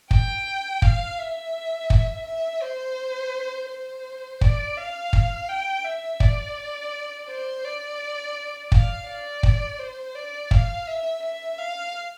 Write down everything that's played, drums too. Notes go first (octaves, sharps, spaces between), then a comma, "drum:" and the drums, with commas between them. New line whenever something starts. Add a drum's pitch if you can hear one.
G5, drum: kick
F5, drum: kick
E5
drum: kick
E5
C5
C5
D5, drum: kick
F5
drum: kick
G5
E5
D5, drum: kick
C5
D5
F5, drum: kick
D5
drum: kick
C5
D5
F5, drum: kick
E5
E5
F5